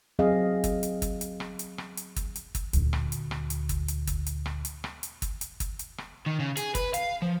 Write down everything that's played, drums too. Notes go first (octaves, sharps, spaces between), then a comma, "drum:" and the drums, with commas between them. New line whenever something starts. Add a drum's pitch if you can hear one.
F#3 C4 G#4 D#5 F5
drum: kick, hi-hat
drum: hi-hat
drum: kick, hi-hat
drum: hi-hat
drum: rim click
drum: hi-hat
drum: rim click
drum: hi-hat
drum: kick, hi-hat
drum: hi-hat
drum: kick, hi-hat
D2 A#2, drum: hi-hat
drum: rim click
drum: hi-hat
drum: rim click
drum: hi-hat
drum: kick, hi-hat
drum: hi-hat
drum: kick, hi-hat
drum: hi-hat
drum: rim click
drum: hi-hat
drum: rim click
drum: hi-hat
drum: kick, hi-hat
drum: hi-hat
drum: kick, hi-hat
drum: hi-hat
drum: rim click
D#3
C#3
G#4, drum: hi-hat
B4, drum: kick, hi-hat
F5, drum: hi-hat
F3